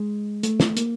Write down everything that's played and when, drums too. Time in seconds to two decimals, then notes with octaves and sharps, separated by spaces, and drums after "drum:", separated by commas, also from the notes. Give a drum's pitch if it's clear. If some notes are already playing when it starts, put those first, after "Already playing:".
Already playing: G#3
0.43 A3, drum: hi-hat
0.60 drum: snare
0.77 A#3, drum: hi-hat